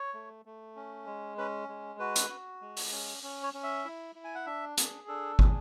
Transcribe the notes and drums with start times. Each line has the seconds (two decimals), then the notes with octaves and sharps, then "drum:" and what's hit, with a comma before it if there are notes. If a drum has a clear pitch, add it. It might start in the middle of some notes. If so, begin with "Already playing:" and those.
Already playing: C#5
0.14 A3
0.45 A3
0.76 C#4
1.06 G#3
1.38 C#4 B4
1.68 G#3
1.99 F#4 B4
2.16 drum: hi-hat
2.30 F#4
2.61 G#3
2.77 drum: open hi-hat
2.91 C#4
3.23 C#4
3.43 C#5
3.54 C#4
3.63 E5
3.85 E4
4.15 E4
4.24 G#5
4.35 F#5
4.46 D4 E5
4.78 G#4, drum: hi-hat
5.08 D4 A4
5.39 G#4, drum: kick